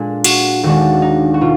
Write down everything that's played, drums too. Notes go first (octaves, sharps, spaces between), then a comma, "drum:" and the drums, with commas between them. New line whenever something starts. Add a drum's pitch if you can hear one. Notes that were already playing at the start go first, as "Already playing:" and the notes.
Already playing: A#2 G#3 D4
F#4, drum: cymbal
D#2 D#3 G#3 D4 F#4
D#4
F#4
B2 F4